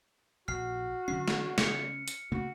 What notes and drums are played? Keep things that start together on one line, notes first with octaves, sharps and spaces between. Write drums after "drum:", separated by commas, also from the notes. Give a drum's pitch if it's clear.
A#1 F#4 F6 C7
D3 F#3 C#4 C7
drum: snare
C#3 C#7, drum: snare
drum: hi-hat
C#3 A3 A#3 F#4